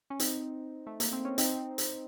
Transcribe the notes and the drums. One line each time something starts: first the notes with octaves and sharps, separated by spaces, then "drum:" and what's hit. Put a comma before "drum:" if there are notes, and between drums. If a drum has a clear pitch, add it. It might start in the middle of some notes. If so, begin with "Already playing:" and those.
C#4
C4 D#4, drum: hi-hat
A3
A#3, drum: hi-hat
C4
C#4
C4 D#4, drum: hi-hat
drum: hi-hat